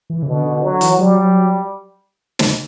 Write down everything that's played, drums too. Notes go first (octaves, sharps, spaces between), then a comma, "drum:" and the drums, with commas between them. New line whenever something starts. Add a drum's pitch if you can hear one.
E3
C#3
B2 D3
D3
D3 F#3
E3, drum: hi-hat
F#3 G3
drum: snare